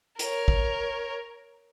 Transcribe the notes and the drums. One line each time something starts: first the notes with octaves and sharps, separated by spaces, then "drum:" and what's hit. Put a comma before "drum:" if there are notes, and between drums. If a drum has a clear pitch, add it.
A#4 C#5, drum: hi-hat
drum: kick